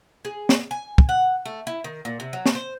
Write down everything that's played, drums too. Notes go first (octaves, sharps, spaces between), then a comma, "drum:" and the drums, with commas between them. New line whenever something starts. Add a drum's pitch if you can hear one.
G#4
drum: snare
G#5
drum: kick
F#5
A3
E4
D#3
A#2
C3
F#3
drum: snare
C5